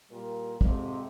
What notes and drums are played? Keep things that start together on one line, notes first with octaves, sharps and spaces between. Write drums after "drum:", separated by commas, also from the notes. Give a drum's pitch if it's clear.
A#2 G3 A#4
F2 G#2 C3, drum: kick